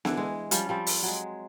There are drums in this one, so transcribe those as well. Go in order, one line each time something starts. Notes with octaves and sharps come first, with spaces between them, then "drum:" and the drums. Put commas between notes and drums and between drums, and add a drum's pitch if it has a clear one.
D3 E3, drum: snare B3
G#3
F3 G3 C#4, drum: hi-hat
F3 G3 C4
drum: open hi-hat
F#3 G#3